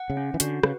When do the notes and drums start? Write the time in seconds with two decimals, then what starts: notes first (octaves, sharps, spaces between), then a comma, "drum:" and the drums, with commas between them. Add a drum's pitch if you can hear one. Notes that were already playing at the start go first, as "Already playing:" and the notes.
Already playing: F#5
0.10 C#3
0.17 C#4
0.34 E3
0.40 D3 F#4, drum: hi-hat
0.63 C#3 B4, drum: rim click